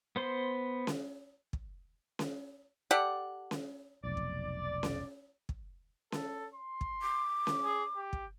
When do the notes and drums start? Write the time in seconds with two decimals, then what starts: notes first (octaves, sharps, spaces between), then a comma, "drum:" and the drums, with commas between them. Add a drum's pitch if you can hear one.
0.16 B3 C5 C6
0.87 drum: snare C#4
1.53 drum: kick
2.19 drum: snare C#4
2.91 G4 A4 D5 F#5
3.51 drum: snare C#4
4.04 F1 B1 D5
4.17 drum: kick
4.83 drum: snare C#4
5.49 drum: kick
6.12 A4, drum: snare C#4
6.54 C6
6.81 drum: kick
7.02 D6
7.47 drum: snare C#4
7.64 G#4
7.96 G4
8.13 drum: kick